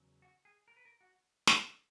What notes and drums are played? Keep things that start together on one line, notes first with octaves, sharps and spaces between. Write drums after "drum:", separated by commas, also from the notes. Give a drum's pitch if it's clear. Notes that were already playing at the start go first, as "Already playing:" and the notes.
Already playing: E2 C#3 F#3
F#4
G#4
A#4
B4
A#4
F#4
drum: snare